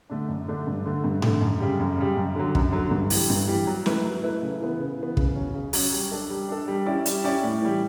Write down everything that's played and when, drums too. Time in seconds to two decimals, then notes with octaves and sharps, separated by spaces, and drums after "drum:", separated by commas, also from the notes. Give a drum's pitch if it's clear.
0.10 D3 A3 D4
0.29 F#2
0.48 D3 A3 D4
0.67 G2
0.85 D3 A3
1.04 G2
1.22 D3 A3, drum: tom G#2
1.41 F#2
1.60 C#3 G3
1.80 F#2
1.98 C#3 G3
2.16 F#2
2.35 D3 F#3
2.55 F#2, drum: kick
2.72 D3 F#3
2.91 G2
3.10 E3, drum: open hi-hat
3.15 G3
3.30 G2
3.48 E3 G3
3.67 F#3
3.86 A3 E4 B4, drum: snare
4.05 F#3
4.23 A3 E4 B4
4.42 C#3
4.61 E3 B3
4.79 C#3
4.99 E3 B3
5.17 C#3, drum: kick
5.35 F#3 C#4
5.55 C#3
5.73 F#3 C#4, drum: open hi-hat
5.92 G3
6.11 D4 A4
6.30 G3
6.49 D4 A4
6.68 G3
6.86 C#4 E4 G4 D5
7.06 G3, drum: hi-hat
7.24 C#4 E4 G4 D5
7.43 A2
7.62 E3 G3